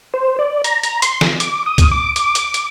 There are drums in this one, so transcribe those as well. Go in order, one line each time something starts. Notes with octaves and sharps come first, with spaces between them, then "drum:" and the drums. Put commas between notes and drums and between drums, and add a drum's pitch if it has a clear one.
C5
D5
A#5, drum: hi-hat
A#5, drum: hi-hat
C6, drum: hi-hat
drum: snare
D6, drum: hi-hat
D#6
drum: kick C#2, hi-hat
D6
D6, drum: hi-hat
drum: hi-hat
drum: hi-hat